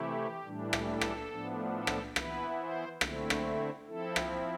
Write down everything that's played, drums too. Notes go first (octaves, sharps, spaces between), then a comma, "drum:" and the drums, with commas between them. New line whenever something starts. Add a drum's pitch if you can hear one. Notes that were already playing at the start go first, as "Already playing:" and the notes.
Already playing: C3 E3 A3 E4 G4
A2 E3 G3 D4
drum: rim click
A4
drum: rim click
A2 F3 B3 D4
A4
drum: rim click
E3 B3 E4 B4, drum: rim click
C5
D3 A3 C4 E4, drum: rim click
drum: rim click
F3 C4 E4 A4
drum: rim click